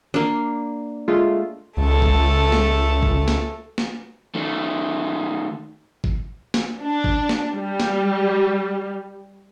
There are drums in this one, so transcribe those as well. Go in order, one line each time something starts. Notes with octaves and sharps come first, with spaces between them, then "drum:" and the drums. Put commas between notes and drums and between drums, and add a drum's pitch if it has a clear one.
A#3 D4
G#3 A3 F4
C#2 A3 A4
drum: kick
drum: snare
drum: kick
drum: snare
drum: snare
D#3 A3
drum: kick
drum: snare
D4
drum: kick
drum: snare
G3
drum: snare